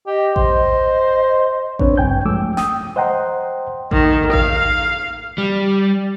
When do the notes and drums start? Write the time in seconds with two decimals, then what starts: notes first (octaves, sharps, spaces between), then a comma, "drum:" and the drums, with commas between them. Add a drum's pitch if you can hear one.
0.07 G4 D#5
0.36 C5 D#5, drum: kick A1
1.79 C4 D4 B4 C#5, drum: kick A1
1.97 C#2 G2 G5 G#5 G6
2.25 F3 G#3 A3 D6 E6
2.57 G5 D#6, drum: snare
2.96 C5 D#5 F#5 G5 A#5 C6
3.91 D#3, drum: kick A1
4.33 F5, drum: kick A1
5.38 G3